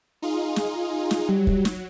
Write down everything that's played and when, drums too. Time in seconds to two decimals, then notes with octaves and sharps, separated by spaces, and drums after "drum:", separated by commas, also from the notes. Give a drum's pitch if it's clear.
0.22 D#4 F4 G#4
0.56 drum: snare
1.11 drum: snare
1.29 F#3 G3
1.47 drum: kick
1.65 drum: snare